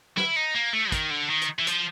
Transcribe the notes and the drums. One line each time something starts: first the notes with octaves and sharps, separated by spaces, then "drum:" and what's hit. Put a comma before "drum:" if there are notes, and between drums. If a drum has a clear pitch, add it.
E4, drum: snare
D#4
A#3
A3
D#3, drum: kick, hi-hat
D3
D#3
drum: hi-hat
E3
F3, drum: hi-hat